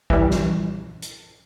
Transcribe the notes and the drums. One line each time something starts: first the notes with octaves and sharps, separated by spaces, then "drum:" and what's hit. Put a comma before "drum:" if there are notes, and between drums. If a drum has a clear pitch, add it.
E3 G3, drum: kick
drum: snare
drum: hi-hat